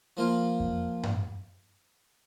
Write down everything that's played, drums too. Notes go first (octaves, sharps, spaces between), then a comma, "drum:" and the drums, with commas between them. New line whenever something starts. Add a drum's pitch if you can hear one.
F3 A#3 F4
drum: kick F2
drum: tom G2